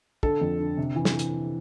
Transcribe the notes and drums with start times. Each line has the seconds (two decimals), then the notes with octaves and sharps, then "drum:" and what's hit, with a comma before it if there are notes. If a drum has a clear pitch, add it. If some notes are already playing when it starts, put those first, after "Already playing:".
0.23 D3 A4, drum: kick
0.41 F2
0.60 D3
0.77 C3
0.96 E3
1.05 drum: snare
1.19 drum: hi-hat